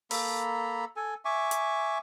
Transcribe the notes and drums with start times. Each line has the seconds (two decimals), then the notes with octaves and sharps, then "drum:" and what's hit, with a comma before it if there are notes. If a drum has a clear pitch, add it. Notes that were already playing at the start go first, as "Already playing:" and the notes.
0.11 A#3 A4 A#5 B5, drum: open hi-hat
0.96 A4 G#5
1.25 E5 G#5 C#6 D6
1.51 drum: hi-hat